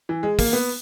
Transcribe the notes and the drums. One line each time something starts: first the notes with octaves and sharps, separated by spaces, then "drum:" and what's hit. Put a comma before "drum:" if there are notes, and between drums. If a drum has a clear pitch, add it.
E3
G#3
A#3, drum: kick, open hi-hat
B3